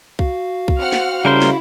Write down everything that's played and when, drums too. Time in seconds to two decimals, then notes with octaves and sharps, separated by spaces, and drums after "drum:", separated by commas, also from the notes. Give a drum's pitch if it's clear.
0.19 F#4 F5, drum: kick C2
0.68 drum: kick C2
0.78 C4 F#5 F6
0.93 drum: snare
1.25 C#3 G3 E4 A#4 C5
1.42 drum: snare